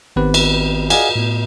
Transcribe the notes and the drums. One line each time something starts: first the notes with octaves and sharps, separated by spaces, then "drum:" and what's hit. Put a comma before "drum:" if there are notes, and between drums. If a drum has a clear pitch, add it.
G#1 D#3 B3 C4 G4 B4
drum: cymbal
G#4 D5 D#5 F5 F#5 G#5, drum: cymbal
A2 B3